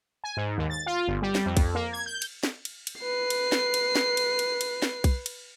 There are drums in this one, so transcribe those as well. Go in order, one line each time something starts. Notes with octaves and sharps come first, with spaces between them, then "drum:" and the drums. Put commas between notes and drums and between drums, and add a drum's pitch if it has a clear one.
G#5
G#2
D#2
A6
F4
G1
G3
drum: snare
F2
drum: kick B1, cymbal
A#3
G#6
G6
drum: cymbal
drum: snare
drum: cymbal
drum: cymbal
B4 C7
drum: cymbal
drum: snare
drum: cymbal
drum: snare
drum: cymbal
drum: cymbal
drum: cymbal
drum: snare
drum: kick B1, cymbal
drum: cymbal